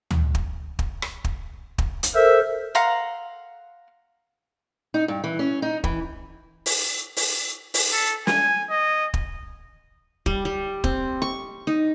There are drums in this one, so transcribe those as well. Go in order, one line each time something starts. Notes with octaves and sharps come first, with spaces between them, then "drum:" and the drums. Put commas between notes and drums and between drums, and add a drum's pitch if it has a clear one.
drum: tom D2
drum: kick
drum: kick
drum: rim click
drum: kick
drum: kick
drum: hi-hat
A4 A#4 C5 E5
F5 F#5 A#5 C6
D#4
G2
E3
C#4
D#4
E3, drum: kick
drum: open hi-hat
drum: open hi-hat
drum: open hi-hat
A4
G#5, drum: snare
D#5
drum: kick
G3, drum: kick
G3
C4, drum: kick
C#6
D#4